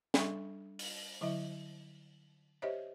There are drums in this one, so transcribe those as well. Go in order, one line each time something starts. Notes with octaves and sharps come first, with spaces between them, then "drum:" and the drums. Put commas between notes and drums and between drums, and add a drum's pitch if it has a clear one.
G3 D4 A4 E5 C#6, drum: snare
drum: open hi-hat
D3 F#3 E4 D#5 E5
G4 C5 C#5 D#5 E5